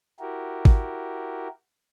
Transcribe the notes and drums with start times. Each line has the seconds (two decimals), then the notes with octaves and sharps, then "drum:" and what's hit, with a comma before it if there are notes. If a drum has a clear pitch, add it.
0.20 E4 F#4 G4 A#4
0.65 drum: kick G#1